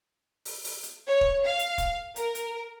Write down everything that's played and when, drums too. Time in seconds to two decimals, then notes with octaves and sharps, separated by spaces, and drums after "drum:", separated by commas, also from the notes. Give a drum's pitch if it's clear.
0.45 drum: open hi-hat
0.64 drum: open hi-hat
0.83 drum: hi-hat
1.06 C#5
1.21 drum: kick
1.44 F5
1.59 drum: hi-hat
1.78 drum: kick, hi-hat
2.16 A#4, drum: hi-hat
2.35 drum: hi-hat